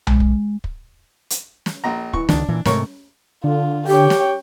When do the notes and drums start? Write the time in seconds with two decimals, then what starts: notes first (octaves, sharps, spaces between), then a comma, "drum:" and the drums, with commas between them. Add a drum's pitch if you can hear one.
0.07 G#3, drum: tom B1
0.20 drum: kick
0.64 drum: kick
1.30 drum: hi-hat
1.66 drum: snare
1.84 A#1 A#5
2.13 E3 C#6, drum: kick
2.29 C#2 D#3 D4, drum: snare
2.49 A#2 E3
2.65 G#2 C3 A3 A#4 C#5, drum: snare
3.44 D3 F4
3.87 G4 C#5 G5
4.10 drum: snare